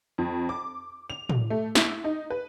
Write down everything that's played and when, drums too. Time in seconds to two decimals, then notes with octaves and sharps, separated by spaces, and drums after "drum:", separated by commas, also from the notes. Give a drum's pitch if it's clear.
0.18 F2
0.49 D6
1.10 F7
1.29 drum: tom
1.50 A3
1.75 E4, drum: snare
2.04 D#4
2.30 B4